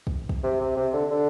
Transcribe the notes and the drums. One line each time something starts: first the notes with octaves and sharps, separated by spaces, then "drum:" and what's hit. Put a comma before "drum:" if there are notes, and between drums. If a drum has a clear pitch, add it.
drum: kick
drum: kick
C3
C3
C3
D3
D3